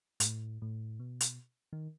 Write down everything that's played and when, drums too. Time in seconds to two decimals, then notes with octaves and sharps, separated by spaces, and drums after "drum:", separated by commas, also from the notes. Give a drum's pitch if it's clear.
0.20 G#2, drum: hi-hat
0.25 A2
0.62 A2
1.00 B2
1.20 drum: hi-hat
1.73 D#3